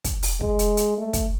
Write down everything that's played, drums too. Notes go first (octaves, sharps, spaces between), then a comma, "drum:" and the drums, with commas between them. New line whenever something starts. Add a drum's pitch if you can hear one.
drum: kick, hi-hat
drum: open hi-hat
G#3, drum: kick
drum: hi-hat
drum: hi-hat
A3
drum: kick, hi-hat